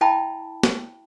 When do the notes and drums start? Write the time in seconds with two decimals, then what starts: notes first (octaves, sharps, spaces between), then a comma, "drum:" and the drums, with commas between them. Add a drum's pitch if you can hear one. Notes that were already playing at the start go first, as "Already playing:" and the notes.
0.01 E4 D#5 E5 G5 A5 B5
0.63 drum: snare